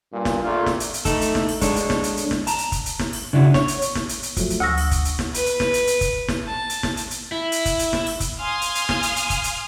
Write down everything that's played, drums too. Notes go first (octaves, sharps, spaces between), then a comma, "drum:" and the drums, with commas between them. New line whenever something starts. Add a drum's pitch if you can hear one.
G2 A#2
drum: snare
A#1 A#2 A3 F4
drum: snare
drum: hi-hat
drum: hi-hat
A3 D#4 A4, drum: kick, hi-hat
drum: hi-hat
drum: snare
drum: open hi-hat
G#3 D4 A4 C#5, drum: kick, hi-hat
drum: hi-hat
drum: snare
drum: hi-hat
drum: hi-hat
drum: snare
A5 A#5, drum: hi-hat
drum: hi-hat
drum: kick, hi-hat
drum: hi-hat
drum: snare
drum: open hi-hat
C#3 D4 E4 F#4
C#5, drum: snare
drum: hi-hat
drum: hi-hat
drum: snare
drum: hi-hat
drum: hi-hat
F3 F#3 A3, drum: kick, hi-hat
drum: hi-hat
D2 C#6 D#6 E6 A#6
drum: open hi-hat
drum: kick, hi-hat
drum: hi-hat
drum: snare
B4, drum: hi-hat
drum: hi-hat
drum: snare
drum: hi-hat
drum: hi-hat
drum: kick, hi-hat
drum: snare
A5
drum: hi-hat
drum: snare
drum: hi-hat
drum: hi-hat
E4
drum: hi-hat
drum: kick, hi-hat
drum: hi-hat
drum: snare
drum: open hi-hat
drum: kick, hi-hat
F5 G#5 C6 D#6 F6
drum: hi-hat
drum: hi-hat
drum: snare
drum: hi-hat
drum: hi-hat
drum: kick, hi-hat
drum: hi-hat